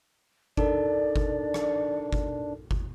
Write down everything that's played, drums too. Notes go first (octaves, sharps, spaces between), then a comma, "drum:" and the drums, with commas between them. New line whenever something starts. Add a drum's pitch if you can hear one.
D4 D#4 A4 A#4 D5, drum: kick G1
drum: kick G1
drum: rim click
drum: kick G1
drum: kick G1